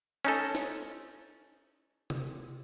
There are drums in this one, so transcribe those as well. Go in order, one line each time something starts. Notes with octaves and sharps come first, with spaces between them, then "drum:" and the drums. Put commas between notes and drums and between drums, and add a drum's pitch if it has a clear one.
C#4 D#4 A4, drum: cymbal
drum: snare
drum: tom C3